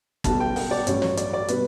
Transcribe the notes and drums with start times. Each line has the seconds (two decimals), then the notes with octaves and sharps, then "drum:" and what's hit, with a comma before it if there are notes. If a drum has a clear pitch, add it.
0.24 B1 B2 G3 A5, drum: kick, hi-hat
0.40 G5
0.56 F#5, drum: open hi-hat
0.71 D5
0.87 A1 G2 F#3 C#5, drum: hi-hat
1.02 C#5, drum: snare
1.17 D5, drum: hi-hat
1.33 D5
1.48 B2 G3 B4, drum: hi-hat